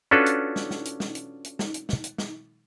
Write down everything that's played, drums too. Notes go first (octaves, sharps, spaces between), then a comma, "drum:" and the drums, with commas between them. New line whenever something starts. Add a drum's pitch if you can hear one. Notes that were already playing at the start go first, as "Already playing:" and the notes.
C#4 D4 F4 F#4 A4 B4
drum: hi-hat
drum: snare
drum: snare
drum: hi-hat
drum: snare
drum: hi-hat
drum: hi-hat
drum: snare
drum: hi-hat
drum: snare
drum: hi-hat
drum: snare